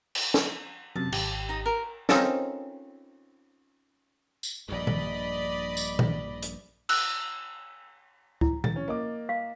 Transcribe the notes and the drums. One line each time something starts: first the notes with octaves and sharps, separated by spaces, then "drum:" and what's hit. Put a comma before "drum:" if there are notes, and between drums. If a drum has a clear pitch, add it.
drum: cymbal
drum: snare
F#2 C3 A5
G#1 G4, drum: cymbal
D#4 D#6
A#4
C4 C#4 D#4 F4 A4 A#4, drum: snare
drum: tambourine
A#1 G2 D5 D#5 B5
drum: tom A#2
drum: tambourine
drum: tom A#2
drum: hi-hat
E6 F#6, drum: cymbal
E4, drum: kick C#2
A6, drum: tom A#2
C#4
A#3 D#5 D6
F5